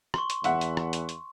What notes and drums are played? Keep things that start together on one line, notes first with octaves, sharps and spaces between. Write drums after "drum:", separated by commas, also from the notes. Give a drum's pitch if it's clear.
C6 C#6, drum: rim click
drum: hi-hat
E2 E5 F#5, drum: hi-hat
drum: hi-hat
drum: rim click
drum: hi-hat
drum: hi-hat